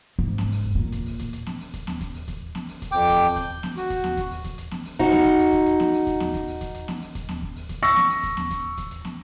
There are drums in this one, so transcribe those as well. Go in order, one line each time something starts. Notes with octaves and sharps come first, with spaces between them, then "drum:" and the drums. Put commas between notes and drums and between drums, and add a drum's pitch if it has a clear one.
G#2
drum: snare
drum: open hi-hat
drum: kick D#2
A#2
drum: kick D#2, hi-hat
drum: open hi-hat
drum: kick D#2, hi-hat
drum: hi-hat
drum: snare
drum: open hi-hat
drum: kick D#2, hi-hat
drum: snare
drum: kick D#2, hi-hat
drum: open hi-hat
drum: kick D#2, hi-hat
drum: snare
drum: open hi-hat
drum: kick D#2, hi-hat
F2 G5 D6
drum: kick D#2, hi-hat
drum: open hi-hat
G6, drum: kick D#2, hi-hat
drum: snare
F#4, drum: open hi-hat
drum: kick D#2, hi-hat
drum: snare
drum: kick D#2, hi-hat
drum: open hi-hat
drum: kick D#2, hi-hat
drum: hi-hat
drum: snare
drum: open hi-hat
D#4 F#4, drum: kick D#2, hi-hat
drum: snare
drum: kick D#2, hi-hat
drum: open hi-hat
drum: kick D#2, hi-hat
drum: hi-hat
drum: snare
drum: open hi-hat
drum: kick D#2, hi-hat
drum: snare
drum: kick D#2, hi-hat
drum: open hi-hat
drum: kick D#2, hi-hat
drum: hi-hat
drum: snare
drum: open hi-hat
drum: kick D#2, hi-hat
drum: snare
drum: kick D#2
drum: open hi-hat
drum: kick D#2, hi-hat
C#6 E6 A#6, drum: hi-hat
drum: snare
drum: open hi-hat
drum: kick D#2, hi-hat
drum: snare
drum: kick D#2, hi-hat
drum: kick D#2, hi-hat
drum: hi-hat
drum: snare